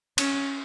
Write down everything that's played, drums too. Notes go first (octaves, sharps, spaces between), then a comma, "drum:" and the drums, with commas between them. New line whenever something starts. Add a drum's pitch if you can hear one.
C#4, drum: cymbal